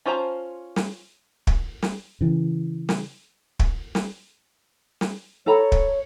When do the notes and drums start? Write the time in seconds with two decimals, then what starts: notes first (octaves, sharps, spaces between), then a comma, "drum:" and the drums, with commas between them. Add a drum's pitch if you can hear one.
0.06 C#4 F4 C5 A5 A#5
0.76 drum: snare
1.47 drum: kick
1.82 drum: snare
2.21 C#3 E3
2.89 drum: snare
3.59 drum: kick
3.95 drum: snare
5.01 drum: snare
5.46 A4 C#5 A#5 B5
5.72 drum: kick